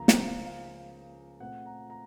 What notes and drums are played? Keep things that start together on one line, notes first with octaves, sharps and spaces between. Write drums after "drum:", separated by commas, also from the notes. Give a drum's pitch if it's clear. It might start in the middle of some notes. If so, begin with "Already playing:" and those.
Already playing: C#2 C#3 F3 A#3 A#5
C5, drum: snare
F5
F5
A#2 A3 C4 F#5
A#5
A#5